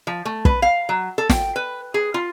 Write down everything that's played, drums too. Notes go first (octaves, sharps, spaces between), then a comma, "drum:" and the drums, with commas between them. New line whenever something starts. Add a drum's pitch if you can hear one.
F3
A3
B4, drum: kick
F5
F#3
A4
G5, drum: snare
B4
G#4
F4